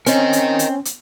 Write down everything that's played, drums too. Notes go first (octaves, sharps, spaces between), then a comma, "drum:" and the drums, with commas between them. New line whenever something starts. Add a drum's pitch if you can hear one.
C4 C#4 A#4 D#5, drum: hi-hat
drum: hi-hat
drum: hi-hat
drum: hi-hat